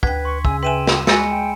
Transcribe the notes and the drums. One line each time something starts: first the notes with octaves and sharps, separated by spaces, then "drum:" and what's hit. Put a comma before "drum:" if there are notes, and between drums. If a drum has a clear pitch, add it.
D2 B4 G5 G#6 B6, drum: kick
C6 C#6
C#3 G#5 E6, drum: kick
B4 E5 G5 G#5 C6 D#7 E7
drum: snare
G#3 F#4 G#5 B5 E6 A6 A#6 C#7, drum: snare
G5